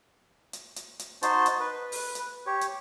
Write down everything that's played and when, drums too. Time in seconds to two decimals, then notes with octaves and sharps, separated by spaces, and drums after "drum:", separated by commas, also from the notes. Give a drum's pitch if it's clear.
0.53 drum: hi-hat
0.76 drum: hi-hat
0.99 drum: hi-hat
1.23 D#4 F#4 C5 A5, drum: hi-hat
1.46 drum: hi-hat
1.61 B4
1.92 drum: open hi-hat
2.15 drum: hi-hat
2.46 G4 C#5
2.61 drum: hi-hat